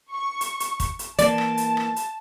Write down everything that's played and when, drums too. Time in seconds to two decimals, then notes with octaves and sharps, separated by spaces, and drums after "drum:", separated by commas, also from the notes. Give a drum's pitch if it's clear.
0.12 C#6
0.41 drum: hi-hat
0.60 drum: hi-hat
0.80 drum: kick, hi-hat
0.99 drum: hi-hat
1.19 E3 A#3 D5 A5, drum: hi-hat
1.38 drum: rim click
1.57 drum: hi-hat
1.77 drum: rim click
1.96 drum: hi-hat